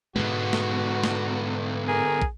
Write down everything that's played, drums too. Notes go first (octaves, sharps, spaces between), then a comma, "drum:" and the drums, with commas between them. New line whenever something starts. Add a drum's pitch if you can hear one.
G#2 B2 D3 G#3 B3 F#4
drum: snare
drum: snare
G#4 A#4
drum: kick